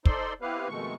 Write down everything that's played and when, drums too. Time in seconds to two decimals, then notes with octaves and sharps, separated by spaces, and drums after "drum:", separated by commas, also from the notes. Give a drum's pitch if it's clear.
0.05 D#4 A4 C5 D5 C6, drum: kick
0.42 B3 C4 E4 G4 B4 F5
0.68 F2 B2 D#3 G#3 A3 C#6